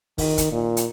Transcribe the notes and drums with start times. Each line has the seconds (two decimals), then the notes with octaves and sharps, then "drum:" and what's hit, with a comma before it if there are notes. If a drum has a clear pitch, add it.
0.18 D#3, drum: kick, open hi-hat
0.38 drum: kick, hi-hat
0.52 A#2
0.77 drum: hi-hat